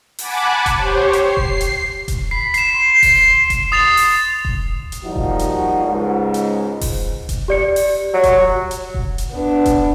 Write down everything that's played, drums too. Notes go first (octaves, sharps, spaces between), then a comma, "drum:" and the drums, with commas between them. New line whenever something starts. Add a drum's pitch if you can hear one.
F#5 G#5 A5 B5 D6, drum: open hi-hat
drum: kick E1, hi-hat
G4 C5 C#5
drum: hi-hat
C7
drum: kick E1
drum: hi-hat
drum: kick E1, hi-hat
B5 C7
C7 E7, drum: hi-hat
C6
drum: kick E1, open hi-hat
drum: kick E1, hi-hat
C6 D#6 A6 F7
drum: open hi-hat
drum: kick E1
drum: hi-hat
F3 G3 A#3 D#4 F#4
drum: kick E1
drum: hi-hat
C#2 G#2
drum: hi-hat
drum: kick E1, open hi-hat
drum: kick E1, hi-hat
G4 D5 C#7
drum: open hi-hat
F#3
drum: kick E1, hi-hat
drum: hi-hat
drum: kick E1
drum: hi-hat
B3 D4
drum: kick E1, hi-hat